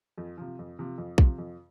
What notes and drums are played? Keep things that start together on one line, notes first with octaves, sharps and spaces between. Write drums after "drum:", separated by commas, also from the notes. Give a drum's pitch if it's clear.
F2
C3 F3
F2
C3 F3
F2
C3 F3, drum: kick A#1
F2